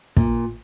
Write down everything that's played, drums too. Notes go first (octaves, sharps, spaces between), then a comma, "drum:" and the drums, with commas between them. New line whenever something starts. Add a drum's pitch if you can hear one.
A#2, drum: kick